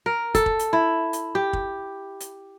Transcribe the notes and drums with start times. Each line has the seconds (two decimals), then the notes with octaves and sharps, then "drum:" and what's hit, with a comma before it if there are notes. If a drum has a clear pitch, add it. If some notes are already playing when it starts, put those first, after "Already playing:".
0.06 A#4
0.35 A4, drum: kick, hi-hat
0.46 drum: kick
0.59 drum: hi-hat
0.73 E4
1.13 drum: hi-hat
1.35 G4
1.53 drum: kick
2.20 drum: hi-hat